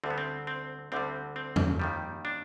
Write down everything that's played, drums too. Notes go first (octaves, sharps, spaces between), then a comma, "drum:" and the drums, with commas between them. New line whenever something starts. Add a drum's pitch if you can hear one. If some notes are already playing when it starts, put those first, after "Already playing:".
D2 D3 G3 C4
B3
C4
C4
D2 D3 G3 C4
C4
drum: tom
D#2 D#3 G3
D4